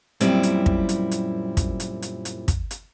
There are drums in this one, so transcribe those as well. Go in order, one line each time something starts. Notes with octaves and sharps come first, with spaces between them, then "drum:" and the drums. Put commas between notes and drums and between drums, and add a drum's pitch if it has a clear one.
F#2 A#2 G3 C4 E4, drum: hi-hat
drum: hi-hat
drum: kick
drum: hi-hat
drum: hi-hat
drum: kick, hi-hat
drum: hi-hat
drum: hi-hat
drum: hi-hat
drum: kick, hi-hat
drum: hi-hat